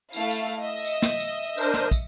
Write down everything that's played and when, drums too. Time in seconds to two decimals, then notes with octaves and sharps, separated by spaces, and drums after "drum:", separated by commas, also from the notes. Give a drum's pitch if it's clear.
0.13 A3 E4 F5, drum: tambourine
0.31 drum: tambourine
0.61 D#5 E5
0.85 drum: tambourine
1.02 drum: snare
1.20 drum: tambourine
1.58 D4 A#4 C5, drum: tambourine
1.74 drum: snare
1.91 drum: kick, tambourine